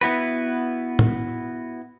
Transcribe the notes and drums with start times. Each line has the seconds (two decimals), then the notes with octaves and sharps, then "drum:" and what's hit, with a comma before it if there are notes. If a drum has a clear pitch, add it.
0.01 B3 E4 F#4 B4, drum: tambourine
0.99 drum: tom